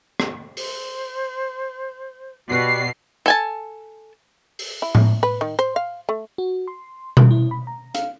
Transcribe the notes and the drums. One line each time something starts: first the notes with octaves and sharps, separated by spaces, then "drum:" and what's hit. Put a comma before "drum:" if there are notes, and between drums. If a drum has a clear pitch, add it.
drum: rim click
C5, drum: open hi-hat
B2 F#4 G4 D5 C7
A4 G#5 A5
drum: open hi-hat
E4
drum: tom A2
B4
D#3
C5
F5
A3
F#4
C6
D#3, drum: tom B2
E4
B5
A#5
F5, drum: hi-hat